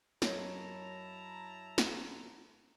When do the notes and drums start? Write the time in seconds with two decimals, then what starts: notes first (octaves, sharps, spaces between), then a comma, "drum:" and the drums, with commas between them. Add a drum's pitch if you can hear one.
0.22 F#2 E4 C#5 D#5 A5 A#5, drum: snare
1.78 drum: snare